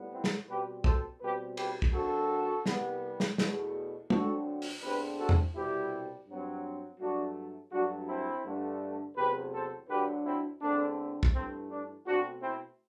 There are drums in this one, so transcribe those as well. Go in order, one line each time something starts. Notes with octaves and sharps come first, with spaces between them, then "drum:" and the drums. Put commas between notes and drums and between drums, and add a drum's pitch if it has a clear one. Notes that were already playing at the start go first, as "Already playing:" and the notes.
Already playing: A2 G3 B3
C4 E4
drum: snare
B2 G3 C4 G4 B4
A4 C5, drum: kick
B2 G3 C4 G4 B4
G4 B4, drum: cymbal
drum: kick
F#2 D3 A3 C4 F#4 A4
C2 C3 G3 B3, drum: snare
drum: snare
E2 B2 A3, drum: snare
D2 D3 F#3 C4 F#4 A4, drum: tom
drum: open hi-hat
E2 D3 A3 C4 G4 B4
F#4 A4
drum: tom E2
C2 B2 G3 C4 E4 G4
G2 F#3 C4
G2 F#3 A3 D4 F#4
G2 F#3 A3 D4 F#4
C4 E4
G2 D3 A3
E2 C3 F#3 A3 C4 G4 B4
A4 C5
D2 D3 F#3 G4 B4
C4 E4
E2 D3 A3 C4 D4
drum: kick
G2 E3 A3 C4
D4
B2 A3 C4 D4 F#4
C4 E4